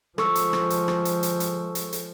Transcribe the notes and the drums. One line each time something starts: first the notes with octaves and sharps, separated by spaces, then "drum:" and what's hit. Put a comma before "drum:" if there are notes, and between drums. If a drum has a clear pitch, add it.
F3 G#3 A4 C#6 E6, drum: rim click
drum: hi-hat
drum: rim click
drum: hi-hat
drum: rim click
drum: hi-hat
drum: hi-hat
drum: hi-hat
drum: hi-hat
drum: hi-hat